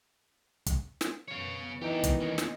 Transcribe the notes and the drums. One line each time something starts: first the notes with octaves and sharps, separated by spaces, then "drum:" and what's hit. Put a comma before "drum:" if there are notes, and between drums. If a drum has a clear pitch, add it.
drum: kick, hi-hat
drum: snare
F#2 B3 C#5 F5
D#3 E3 B3 D#4 G4 A4 D#5
drum: kick, hi-hat
A#3 C#4
drum: snare